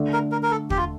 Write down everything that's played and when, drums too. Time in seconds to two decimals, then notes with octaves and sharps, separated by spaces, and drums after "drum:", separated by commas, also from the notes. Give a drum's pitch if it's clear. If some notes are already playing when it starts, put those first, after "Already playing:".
Already playing: D3 A3 D4
0.13 A#4
0.32 A#4
0.43 A#4
0.51 A4
0.70 G4, drum: kick
0.77 F4